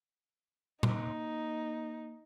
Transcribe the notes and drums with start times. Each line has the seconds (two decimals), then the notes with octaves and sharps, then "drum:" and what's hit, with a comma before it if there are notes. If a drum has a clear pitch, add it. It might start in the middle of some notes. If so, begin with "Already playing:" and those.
0.83 A#3 D#4, drum: tom A#2